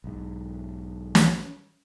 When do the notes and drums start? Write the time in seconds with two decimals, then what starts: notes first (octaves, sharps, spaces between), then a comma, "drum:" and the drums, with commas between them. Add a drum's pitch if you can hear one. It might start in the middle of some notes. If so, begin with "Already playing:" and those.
0.04 B1 G#2
1.15 drum: snare